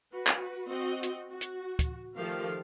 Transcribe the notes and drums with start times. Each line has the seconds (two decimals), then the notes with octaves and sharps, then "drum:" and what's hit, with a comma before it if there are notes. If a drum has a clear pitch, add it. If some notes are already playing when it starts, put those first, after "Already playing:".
0.12 F#4 B4
0.27 drum: clap
0.69 C4 F#4 D#5
1.03 drum: hi-hat
1.30 F#4
1.41 drum: hi-hat
1.79 drum: kick, hi-hat
2.17 D#3 F3 A3 G4 A4 F5